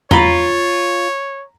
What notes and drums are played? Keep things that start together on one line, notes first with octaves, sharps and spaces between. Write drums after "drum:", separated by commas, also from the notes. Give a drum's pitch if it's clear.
F4 C#5 A#5 B5, drum: tom